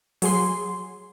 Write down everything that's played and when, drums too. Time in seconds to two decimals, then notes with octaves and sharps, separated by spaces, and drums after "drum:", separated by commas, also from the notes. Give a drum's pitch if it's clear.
0.22 F#3 G#4 C6, drum: open hi-hat